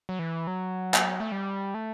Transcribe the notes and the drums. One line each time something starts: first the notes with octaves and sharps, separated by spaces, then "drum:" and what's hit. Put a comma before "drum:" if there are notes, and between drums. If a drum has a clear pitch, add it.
F#3
E3
F#3
drum: clap
A3
G3
A3